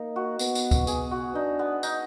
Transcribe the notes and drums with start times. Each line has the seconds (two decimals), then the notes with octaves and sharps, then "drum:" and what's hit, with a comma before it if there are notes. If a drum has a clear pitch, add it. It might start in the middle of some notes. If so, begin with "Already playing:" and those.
Already playing: A#3 D#4
0.16 F#4
0.39 B3, drum: tambourine
0.55 drum: tambourine
0.71 drum: kick C#2, tambourine
0.87 B3 G#4, drum: tambourine
1.11 F#4
1.35 D4 D#4
1.59 B3
1.83 D#4, drum: tambourine